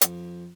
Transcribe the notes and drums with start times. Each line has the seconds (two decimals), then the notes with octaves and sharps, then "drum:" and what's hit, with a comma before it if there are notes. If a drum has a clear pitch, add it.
0.01 F2, drum: hi-hat